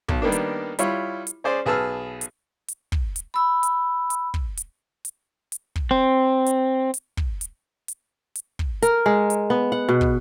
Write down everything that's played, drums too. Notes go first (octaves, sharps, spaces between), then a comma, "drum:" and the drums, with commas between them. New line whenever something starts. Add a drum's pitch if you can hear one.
B1, drum: kick
D#3 G3 A#3 B3 D4
drum: hi-hat
G3 E4 F4 C#5, drum: hi-hat
drum: hi-hat
C#4 G#4 C5 D5
B1 G#4 B4 A5 E6 F6
drum: hi-hat
drum: hi-hat
drum: kick
drum: hi-hat
B5 E6
drum: hi-hat
drum: hi-hat
drum: kick
drum: hi-hat
drum: hi-hat
drum: hi-hat
drum: kick
C4
drum: hi-hat
drum: hi-hat
drum: kick
drum: hi-hat
drum: hi-hat
drum: hi-hat
drum: kick
A#4, drum: hi-hat
G#3
drum: hi-hat
B3
F#5
B2
drum: kick